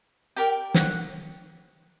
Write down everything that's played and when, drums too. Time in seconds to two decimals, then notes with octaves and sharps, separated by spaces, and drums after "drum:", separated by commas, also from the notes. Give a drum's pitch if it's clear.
0.36 G4 A#4 D5 G5
0.74 F#5, drum: snare